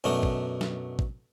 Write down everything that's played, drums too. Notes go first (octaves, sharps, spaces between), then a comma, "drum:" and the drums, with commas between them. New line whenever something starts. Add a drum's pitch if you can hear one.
F#2 B2 A3 D4 D#4
drum: kick
drum: snare
drum: kick